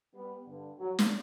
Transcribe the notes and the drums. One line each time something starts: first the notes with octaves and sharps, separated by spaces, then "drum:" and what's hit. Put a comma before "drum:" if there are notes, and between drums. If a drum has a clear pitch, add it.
G3 B3
G2 D3
F#3
drum: snare